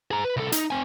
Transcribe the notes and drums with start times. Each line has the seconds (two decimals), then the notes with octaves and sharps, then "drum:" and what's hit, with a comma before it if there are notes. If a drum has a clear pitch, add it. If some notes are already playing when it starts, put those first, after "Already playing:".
0.11 G#4 A#5
0.25 B4
0.37 C2 A4
0.52 D#4, drum: hi-hat
0.71 C4 G#5